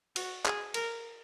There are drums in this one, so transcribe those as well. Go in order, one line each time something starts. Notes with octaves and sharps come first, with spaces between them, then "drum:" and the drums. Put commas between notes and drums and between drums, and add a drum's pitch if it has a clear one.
F#4, drum: cymbal
G#4, drum: clap
A#4, drum: cymbal